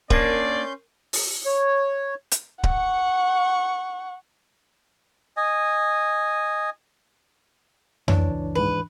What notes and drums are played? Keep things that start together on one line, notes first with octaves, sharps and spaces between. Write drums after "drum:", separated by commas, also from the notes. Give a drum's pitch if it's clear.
A#3 C#4 D4 A#4 D5 C6 G6 C7, drum: kick D1
drum: open hi-hat
C#5
drum: hi-hat
F#5 C#6, drum: kick D1
D#5 G#5
F#1 C#2 E3 D4 C#5, drum: tom F2
D#2 G#2 B4